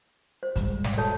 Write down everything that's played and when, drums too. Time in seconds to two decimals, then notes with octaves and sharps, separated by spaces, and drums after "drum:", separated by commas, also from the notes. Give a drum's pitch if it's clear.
0.43 C5
0.56 E1 G3 G#3, drum: kick, hi-hat
0.84 drum: snare
0.98 A4 C#5 A5